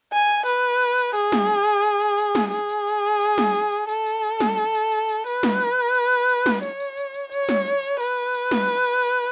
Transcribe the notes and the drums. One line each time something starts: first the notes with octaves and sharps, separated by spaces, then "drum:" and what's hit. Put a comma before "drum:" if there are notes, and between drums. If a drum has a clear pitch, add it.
G#5
B4, drum: tambourine
drum: tambourine
drum: tambourine
G#4, drum: tambourine
drum: snare
drum: tambourine
drum: tambourine
drum: tambourine
drum: tambourine
drum: tambourine
drum: snare
G#4, drum: tambourine
drum: tambourine
drum: tambourine
drum: tambourine
drum: snare
drum: tambourine
drum: tambourine
A4, drum: tambourine
drum: tambourine
drum: tambourine
drum: snare
drum: tambourine
drum: tambourine
drum: tambourine
drum: tambourine
B4, drum: tambourine
drum: snare
drum: tambourine
drum: tambourine
drum: tambourine
drum: tambourine
drum: snare
C#5, drum: tambourine
drum: tambourine
drum: tambourine
drum: tambourine
C#5, drum: tambourine
drum: snare
drum: tambourine
drum: tambourine
B4, drum: tambourine
drum: tambourine
drum: tambourine
drum: snare
drum: tambourine
drum: tambourine
drum: tambourine